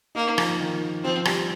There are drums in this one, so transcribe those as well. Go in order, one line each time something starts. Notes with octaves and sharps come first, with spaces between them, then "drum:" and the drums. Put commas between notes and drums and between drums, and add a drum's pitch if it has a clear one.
A#3 D#4
F3, drum: rim click
D#3
F3 C4
G3, drum: rim click